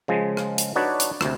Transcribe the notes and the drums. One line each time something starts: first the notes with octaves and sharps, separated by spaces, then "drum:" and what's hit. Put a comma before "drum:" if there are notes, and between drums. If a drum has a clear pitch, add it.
C#3 F3 G#3
drum: rim click
drum: hi-hat
D4 D#4 F#4 B4 C#5 D5
drum: hi-hat
D2 C3, drum: rim click